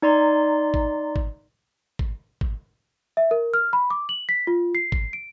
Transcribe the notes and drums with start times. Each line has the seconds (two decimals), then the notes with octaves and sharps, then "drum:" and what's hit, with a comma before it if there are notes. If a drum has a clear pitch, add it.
0.02 D#4 D5 A#5 C6
0.74 drum: kick
1.16 drum: kick
1.99 drum: kick
2.41 drum: kick
3.17 E5
3.31 A#4
3.54 F6
3.73 B5
3.90 D6
4.09 F#7
4.29 B6
4.47 F4
4.75 C7
4.92 drum: kick
5.13 D7